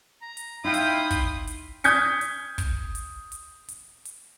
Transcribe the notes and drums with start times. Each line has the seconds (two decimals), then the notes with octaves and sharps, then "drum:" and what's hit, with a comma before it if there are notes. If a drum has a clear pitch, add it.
0.22 A#5
0.37 drum: hi-hat
0.64 D#4 E4 F5 G5 B5 C6 D#6
0.74 drum: hi-hat
1.11 drum: kick, hi-hat
1.47 drum: hi-hat
1.84 D#6 G6 G#6 B6 C#7, drum: hi-hat
2.21 drum: hi-hat
2.58 drum: kick, hi-hat
2.95 drum: hi-hat
3.32 drum: hi-hat
3.69 drum: hi-hat
4.05 drum: hi-hat